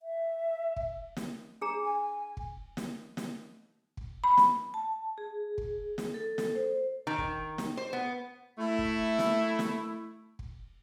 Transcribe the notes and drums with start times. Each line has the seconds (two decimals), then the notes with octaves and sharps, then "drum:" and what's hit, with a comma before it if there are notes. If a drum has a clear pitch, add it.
0.01 E5
0.76 drum: kick
1.17 drum: snare
1.61 D4 G#4 A#5
1.83 G#5
2.37 drum: kick
2.77 drum: snare
3.17 drum: snare
3.97 drum: kick
4.24 B5
4.37 drum: snare
4.74 A5
5.18 G#4
5.58 drum: kick
5.98 drum: snare
6.14 A4
6.38 drum: snare
6.55 C5
7.07 D#3
7.18 drum: kick
7.58 drum: snare
7.77 C5
7.93 B3
8.58 A3 E4
8.79 drum: kick
9.19 drum: snare
9.59 drum: snare
10.39 drum: kick